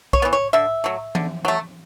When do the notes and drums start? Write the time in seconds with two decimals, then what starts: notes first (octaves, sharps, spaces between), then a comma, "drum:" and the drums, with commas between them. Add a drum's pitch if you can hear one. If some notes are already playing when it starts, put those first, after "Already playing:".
0.13 C#5, drum: kick B1
0.22 E3 B3
0.33 C#5
0.53 D3 E5
0.84 F#3 A3
1.15 D3, drum: tom E3
1.45 F#3 A3